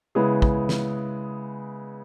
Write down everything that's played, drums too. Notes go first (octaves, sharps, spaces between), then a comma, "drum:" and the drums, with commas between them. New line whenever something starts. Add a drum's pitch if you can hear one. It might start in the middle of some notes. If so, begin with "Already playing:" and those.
C#3 G#3 B3 E4 G#4
drum: kick
drum: snare